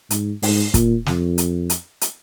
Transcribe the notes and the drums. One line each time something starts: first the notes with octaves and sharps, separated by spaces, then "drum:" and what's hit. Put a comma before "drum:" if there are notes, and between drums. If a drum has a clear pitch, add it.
G#2, drum: hi-hat
G#2, drum: open hi-hat
A#2, drum: kick, hi-hat
F2, drum: snare
drum: hi-hat
drum: hi-hat
drum: hi-hat